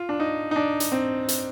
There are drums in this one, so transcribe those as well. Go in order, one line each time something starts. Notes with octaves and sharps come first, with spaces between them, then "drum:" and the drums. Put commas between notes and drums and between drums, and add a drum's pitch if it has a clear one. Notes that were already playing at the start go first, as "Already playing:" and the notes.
Already playing: F4
D4
D#4
D#4
D4
drum: hi-hat
C4
drum: hi-hat